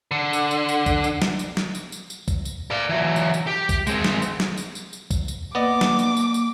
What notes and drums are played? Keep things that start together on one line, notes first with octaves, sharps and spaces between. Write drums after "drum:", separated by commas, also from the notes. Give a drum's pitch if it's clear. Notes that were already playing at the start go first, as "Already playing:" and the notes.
D3
drum: tambourine
drum: tambourine
drum: tambourine
drum: kick, tambourine
drum: tambourine
drum: snare
drum: tambourine
drum: snare
drum: tambourine
drum: tambourine
drum: tambourine
drum: kick, tambourine
drum: tambourine
D5 F5
E3 F#3
drum: tambourine
drum: tambourine
G4
drum: kick, tambourine
G#3 C4, drum: tambourine
drum: snare
drum: tambourine
drum: snare
drum: tambourine
drum: tambourine
drum: tambourine
drum: kick, tambourine
drum: tambourine
A#3 B3 D5 D#5 D6
drum: snare
drum: tambourine
drum: tambourine
drum: tambourine